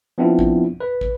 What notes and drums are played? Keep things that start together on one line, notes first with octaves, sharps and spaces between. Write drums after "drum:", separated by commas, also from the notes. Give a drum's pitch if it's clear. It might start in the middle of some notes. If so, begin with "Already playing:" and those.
F3 B3 C4 D4 E4 F4
drum: kick
B4
drum: kick